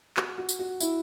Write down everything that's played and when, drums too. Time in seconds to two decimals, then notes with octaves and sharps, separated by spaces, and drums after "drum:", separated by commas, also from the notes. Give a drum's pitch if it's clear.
0.17 F#4, drum: clap
0.38 F#4
0.49 drum: tambourine
0.59 F#4
0.80 E4, drum: tambourine